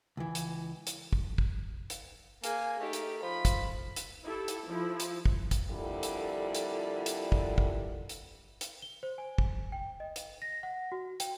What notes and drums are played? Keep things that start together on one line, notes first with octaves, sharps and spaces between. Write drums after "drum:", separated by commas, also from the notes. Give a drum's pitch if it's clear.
C#2 E3
drum: hi-hat
drum: hi-hat
drum: kick
drum: kick
drum: hi-hat
A#3 G#4 G#5, drum: hi-hat
A3 D#4 G4
drum: hi-hat
F3 B5
drum: kick, hi-hat
drum: hi-hat
E4 G4 A4
drum: hi-hat
F3 E4
drum: hi-hat
drum: kick
drum: kick, hi-hat
F2 A#2 D3 G3 E4
drum: hi-hat
drum: hi-hat
drum: hi-hat
drum: kick
drum: kick
drum: hi-hat
drum: hi-hat
G7
C5
G#5
drum: kick
G5
D#5
drum: hi-hat
A#6
F#5
F#4
G5, drum: hi-hat